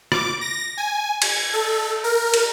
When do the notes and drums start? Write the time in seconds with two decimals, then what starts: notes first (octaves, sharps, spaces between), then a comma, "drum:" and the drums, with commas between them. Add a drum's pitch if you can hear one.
0.12 D6, drum: rim click
0.41 A#6
0.77 G#5
1.22 G#6, drum: cymbal
1.53 A4
2.04 A#4
2.34 drum: cymbal